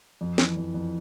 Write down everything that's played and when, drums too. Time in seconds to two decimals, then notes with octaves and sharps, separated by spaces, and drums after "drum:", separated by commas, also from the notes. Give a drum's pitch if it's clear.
0.21 F2
0.38 E3, drum: snare
0.57 F2
0.74 F2